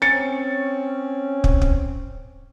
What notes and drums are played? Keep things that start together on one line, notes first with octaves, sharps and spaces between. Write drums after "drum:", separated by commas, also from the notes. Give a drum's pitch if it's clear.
C4 C#4 A6 C#7
drum: kick
drum: kick